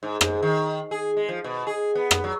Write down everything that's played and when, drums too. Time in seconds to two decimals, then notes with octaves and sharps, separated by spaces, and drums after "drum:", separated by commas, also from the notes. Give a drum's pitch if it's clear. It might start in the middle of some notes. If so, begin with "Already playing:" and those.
0.03 G#2
0.21 G#2, drum: rim click
0.43 D#3
0.91 G#4
1.17 G#3
1.29 F3
1.44 B2
1.67 G#4
1.95 B3
2.11 drum: rim click
2.24 F#3